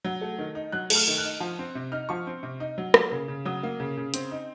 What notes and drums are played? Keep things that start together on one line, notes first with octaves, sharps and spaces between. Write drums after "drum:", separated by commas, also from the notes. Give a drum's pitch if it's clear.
F#3
A3
D#3
D#4
F#3 F#6
A3, drum: cymbal
F6
D#3
F#6
D#4
F3
C4
C3
D#4 F6
F3 C#6
C4
C3
D#4
F#3
A#3, drum: rim click
C#3
C#3
F#3 D#6
A#3
C#3
C#3
C4, drum: hi-hat
D#4